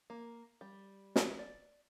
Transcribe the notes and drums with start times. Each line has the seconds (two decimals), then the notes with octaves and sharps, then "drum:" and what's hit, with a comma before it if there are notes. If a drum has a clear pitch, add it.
0.10 A#3
0.61 G3
1.16 drum: snare
1.39 D5